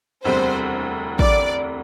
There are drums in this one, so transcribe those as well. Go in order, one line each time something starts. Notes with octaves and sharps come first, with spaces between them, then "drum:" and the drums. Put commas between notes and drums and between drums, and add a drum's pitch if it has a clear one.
E1 D2 C3 G3 C5
D5, drum: kick